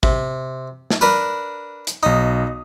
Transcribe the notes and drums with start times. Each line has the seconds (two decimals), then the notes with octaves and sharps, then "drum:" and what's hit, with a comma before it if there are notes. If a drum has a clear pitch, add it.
0.03 C3, drum: kick
0.90 drum: snare
1.01 D4 A#4 B4
1.87 drum: hi-hat
2.03 B1 D#4 D#6